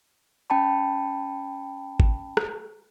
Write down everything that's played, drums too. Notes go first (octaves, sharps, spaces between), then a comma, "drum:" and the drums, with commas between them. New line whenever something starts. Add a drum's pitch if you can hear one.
C#4 G5 A5 B5
drum: kick
drum: rim click